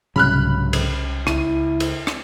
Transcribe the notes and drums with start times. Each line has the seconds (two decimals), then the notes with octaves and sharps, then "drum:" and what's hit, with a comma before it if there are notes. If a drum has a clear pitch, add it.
0.16 C2 G#2 C#3 F#3 B5 F6 F#6
0.73 drum: cymbal
1.27 C#2 E4 D#7, drum: rim click
1.80 drum: cymbal
2.07 drum: rim click